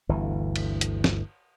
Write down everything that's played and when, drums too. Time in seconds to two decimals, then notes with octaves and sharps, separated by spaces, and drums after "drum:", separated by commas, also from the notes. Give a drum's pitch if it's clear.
0.09 G1 D2 E3
0.56 drum: cymbal
0.81 drum: hi-hat
1.04 drum: snare